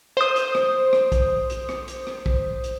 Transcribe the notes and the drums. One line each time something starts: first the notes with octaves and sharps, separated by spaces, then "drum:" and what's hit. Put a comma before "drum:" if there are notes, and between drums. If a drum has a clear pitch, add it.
C5 D#6
drum: hi-hat
drum: rim click
drum: rim click
drum: kick B1, hi-hat
drum: hi-hat
drum: rim click
drum: hi-hat
drum: rim click
drum: kick B1
drum: hi-hat